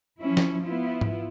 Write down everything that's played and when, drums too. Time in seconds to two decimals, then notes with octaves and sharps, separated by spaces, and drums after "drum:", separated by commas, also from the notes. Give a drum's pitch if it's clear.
0.20 F3 C#4 E4
0.37 drum: snare
0.63 B3 E4 F4
1.01 drum: tom G#2